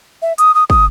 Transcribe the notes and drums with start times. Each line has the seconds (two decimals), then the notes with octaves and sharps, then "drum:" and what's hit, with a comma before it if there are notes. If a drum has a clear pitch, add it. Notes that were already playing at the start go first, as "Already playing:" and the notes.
0.22 E5
0.38 D#6, drum: hi-hat
0.55 D#6
0.70 D#6, drum: kick